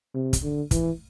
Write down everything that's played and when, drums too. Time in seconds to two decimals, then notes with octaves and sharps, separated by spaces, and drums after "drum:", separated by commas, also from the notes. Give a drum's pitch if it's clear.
0.14 C3
0.33 drum: kick, hi-hat
0.43 D3
0.71 E3, drum: kick, hi-hat